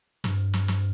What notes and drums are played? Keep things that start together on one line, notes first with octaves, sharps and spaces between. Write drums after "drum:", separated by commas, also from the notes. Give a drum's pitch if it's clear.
G2, drum: snare
drum: snare
drum: snare